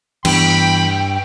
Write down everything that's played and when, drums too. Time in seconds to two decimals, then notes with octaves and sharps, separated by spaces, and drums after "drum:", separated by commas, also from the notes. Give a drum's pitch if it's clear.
0.25 G2 E3 B3 G5 B5, drum: cymbal